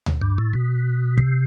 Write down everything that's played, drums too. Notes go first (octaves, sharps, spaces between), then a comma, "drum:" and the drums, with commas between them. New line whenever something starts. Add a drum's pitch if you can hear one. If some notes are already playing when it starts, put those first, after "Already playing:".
drum: tom D2
G2
A2
B2
C3, drum: kick